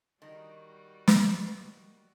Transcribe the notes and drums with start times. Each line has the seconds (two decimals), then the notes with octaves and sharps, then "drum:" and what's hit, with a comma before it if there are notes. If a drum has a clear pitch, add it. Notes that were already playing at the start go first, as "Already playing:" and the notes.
0.22 D#3 G3 F#4
1.07 drum: snare